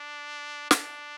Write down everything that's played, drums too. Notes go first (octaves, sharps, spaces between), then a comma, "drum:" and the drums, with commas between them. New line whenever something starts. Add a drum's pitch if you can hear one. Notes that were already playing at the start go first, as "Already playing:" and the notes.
Already playing: D4
D4, drum: snare